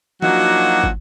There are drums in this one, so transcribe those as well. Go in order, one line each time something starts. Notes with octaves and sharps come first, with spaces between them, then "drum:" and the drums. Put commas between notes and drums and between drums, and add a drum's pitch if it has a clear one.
F3 F#3 A#3 D4 D#4 F#4, drum: tom
drum: kick